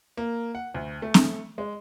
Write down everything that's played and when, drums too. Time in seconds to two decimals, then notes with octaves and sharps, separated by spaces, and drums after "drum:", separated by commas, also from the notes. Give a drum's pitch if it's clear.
0.17 A#3
0.55 F#5
0.74 D2
1.02 A3
1.14 drum: snare C4
1.58 G#3